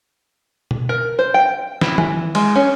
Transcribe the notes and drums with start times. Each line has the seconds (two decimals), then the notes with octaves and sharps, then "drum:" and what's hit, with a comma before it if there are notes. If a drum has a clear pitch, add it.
0.71 drum: tom
0.89 A#4
1.19 C5
1.34 G5
1.81 E4, drum: snare
1.98 E3, drum: tom D#3
2.35 G#3, drum: cymbal
2.56 C#4